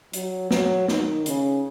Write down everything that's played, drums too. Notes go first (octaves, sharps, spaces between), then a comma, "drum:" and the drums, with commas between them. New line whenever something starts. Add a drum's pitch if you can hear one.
F#3, drum: hi-hat
F#3, drum: snare
D#3, drum: snare
C#3, drum: hi-hat